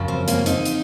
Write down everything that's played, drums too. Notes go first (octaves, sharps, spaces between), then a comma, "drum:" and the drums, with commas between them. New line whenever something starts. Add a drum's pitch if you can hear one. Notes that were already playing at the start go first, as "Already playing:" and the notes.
Already playing: F#2 C#3 F3
C4
A#3 C#4, drum: hi-hat
C4 D#4, drum: hi-hat
drum: hi-hat